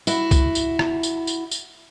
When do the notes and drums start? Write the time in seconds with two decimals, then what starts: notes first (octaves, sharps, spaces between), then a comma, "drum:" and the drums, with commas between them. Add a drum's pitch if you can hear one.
0.07 E4 F#4, drum: tambourine
0.31 drum: kick C2, tambourine
0.55 drum: tambourine
0.79 drum: rim click
1.03 drum: tambourine
1.27 drum: tambourine
1.51 drum: tambourine